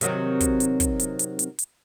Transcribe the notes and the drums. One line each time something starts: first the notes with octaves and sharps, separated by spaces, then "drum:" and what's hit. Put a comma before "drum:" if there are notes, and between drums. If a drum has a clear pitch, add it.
C3 D#3 F#3, drum: hi-hat
drum: kick, hi-hat
drum: hi-hat
drum: kick, hi-hat
drum: hi-hat
drum: hi-hat
drum: hi-hat
drum: hi-hat